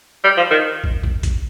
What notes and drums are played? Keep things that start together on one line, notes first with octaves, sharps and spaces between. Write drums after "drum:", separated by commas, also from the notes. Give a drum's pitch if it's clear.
G3
F3
D#3
drum: kick
drum: kick
drum: kick, hi-hat